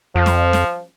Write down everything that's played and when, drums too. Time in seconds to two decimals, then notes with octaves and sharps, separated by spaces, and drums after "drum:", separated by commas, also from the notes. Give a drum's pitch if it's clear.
0.15 F2 F3
0.26 drum: snare
0.53 drum: snare